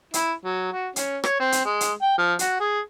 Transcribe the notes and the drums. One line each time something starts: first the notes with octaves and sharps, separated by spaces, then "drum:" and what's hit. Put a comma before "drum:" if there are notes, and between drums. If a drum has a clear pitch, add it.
E4, drum: hi-hat
F#3
F#4
C#4, drum: hi-hat
C#5, drum: rim click
C4
drum: hi-hat
G#3
drum: hi-hat
G5
F3
F#4, drum: hi-hat
G#4